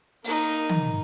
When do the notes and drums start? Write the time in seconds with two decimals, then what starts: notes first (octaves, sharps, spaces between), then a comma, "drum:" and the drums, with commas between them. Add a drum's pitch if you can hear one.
0.24 A#3 D#4, drum: open hi-hat
0.69 drum: tom